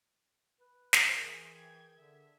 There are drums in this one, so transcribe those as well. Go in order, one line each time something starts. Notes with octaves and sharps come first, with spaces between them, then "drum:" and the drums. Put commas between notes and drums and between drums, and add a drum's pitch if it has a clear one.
B4
drum: snare
E3 G#4 A#4 C5 E5 D#6
G5 G#6
D3 E5